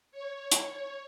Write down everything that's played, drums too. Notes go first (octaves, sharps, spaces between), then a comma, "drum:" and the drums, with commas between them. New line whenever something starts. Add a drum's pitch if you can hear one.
C#5
drum: hi-hat